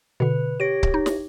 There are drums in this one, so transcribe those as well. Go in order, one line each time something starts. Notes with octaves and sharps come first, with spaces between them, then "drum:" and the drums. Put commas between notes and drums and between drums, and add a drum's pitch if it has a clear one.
B2 D3 B4
G4 C#5 A#6 D7
drum: kick C#1
D#4
drum: snare